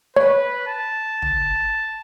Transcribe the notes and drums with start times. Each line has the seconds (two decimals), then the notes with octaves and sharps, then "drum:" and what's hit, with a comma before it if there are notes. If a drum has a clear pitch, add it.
0.16 B4 C#5
0.67 A5
1.22 drum: tom